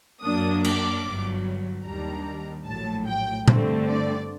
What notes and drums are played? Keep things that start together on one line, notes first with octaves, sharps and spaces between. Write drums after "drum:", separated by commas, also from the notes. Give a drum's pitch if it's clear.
F#2 F#3 A#3 D4 D#6
D6, drum: cymbal
G1 G2 F#3
D#2 D#3 G3 D4 A#5
A#1 A2 F#3 A5
G5
G2 D3 A3 C4, drum: tom A#2
D5